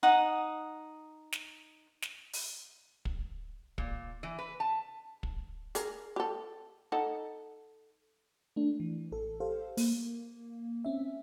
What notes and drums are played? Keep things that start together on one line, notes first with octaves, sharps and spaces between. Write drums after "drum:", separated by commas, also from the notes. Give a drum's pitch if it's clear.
D#4 F#5 D#6
drum: snare
drum: snare
drum: open hi-hat
drum: kick
A#2, drum: kick
E3
B4
A5
drum: kick
G#4 A#4, drum: hi-hat
G4 A4
D#4 A4 F#5
A3 D4
E3
A1 A4
G4 A4 C5 F5
A#3, drum: open hi-hat
C4 C#4 E5